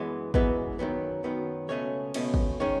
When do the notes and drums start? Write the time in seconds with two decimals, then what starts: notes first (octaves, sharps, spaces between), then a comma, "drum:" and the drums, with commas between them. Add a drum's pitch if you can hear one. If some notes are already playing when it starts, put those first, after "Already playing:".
Already playing: F#2 E3 G#3 B3
0.34 F#2 E3 G#3 B3 B4, drum: kick
0.79 F#2 D#3 F#3 B3
1.24 F#2 D#3 F#3 B3
1.69 C#2 B2 A3 C#4 C#5
2.14 C#2 B2 A3 C#4, drum: cymbal
2.34 drum: kick
2.60 D#3 G#3 C#4 C#5